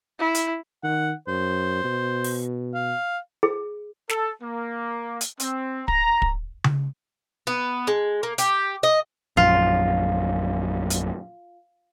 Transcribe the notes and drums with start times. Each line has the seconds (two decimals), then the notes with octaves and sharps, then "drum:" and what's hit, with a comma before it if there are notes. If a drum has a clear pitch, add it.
0.19 E4
0.35 drum: hi-hat
0.84 D#3 F#5
1.28 F#2 C5
1.84 B2
2.24 drum: open hi-hat
2.74 F5
3.43 G#4
4.09 A4, drum: snare
4.42 A#3
5.21 drum: hi-hat
5.40 C4, drum: hi-hat
5.88 A#5, drum: kick
6.22 drum: kick
6.64 drum: tom C#3
7.47 B3
7.87 G#3
8.23 A#3
8.38 G4, drum: hi-hat
8.83 D#5
9.37 A#1 F#2 F4
10.90 drum: hi-hat